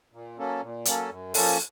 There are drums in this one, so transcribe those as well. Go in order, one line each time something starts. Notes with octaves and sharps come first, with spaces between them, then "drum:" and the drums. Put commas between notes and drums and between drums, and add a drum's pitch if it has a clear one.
A#2
F#3 A#3 C#4 A4
A#2
F#3 A#3 C#4 A4, drum: hi-hat
F#2
F3 A#3 C#4 A4, drum: open hi-hat